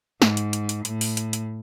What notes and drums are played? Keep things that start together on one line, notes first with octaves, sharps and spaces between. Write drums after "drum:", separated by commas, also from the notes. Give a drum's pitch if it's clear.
G#2, drum: snare
drum: hi-hat
drum: hi-hat
drum: hi-hat
A2, drum: hi-hat
drum: open hi-hat
drum: hi-hat
drum: hi-hat